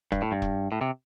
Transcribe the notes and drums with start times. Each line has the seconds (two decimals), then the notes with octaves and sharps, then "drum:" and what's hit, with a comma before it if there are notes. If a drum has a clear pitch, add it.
0.12 G2, drum: kick E1
0.22 A2
0.32 G2
0.42 drum: kick E1
0.72 A2
0.81 C3